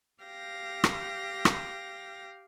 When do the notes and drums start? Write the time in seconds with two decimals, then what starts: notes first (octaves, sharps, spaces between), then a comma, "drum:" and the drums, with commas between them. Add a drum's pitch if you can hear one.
0.22 G4 F5 G5 A#6
0.84 drum: rim click
1.45 drum: rim click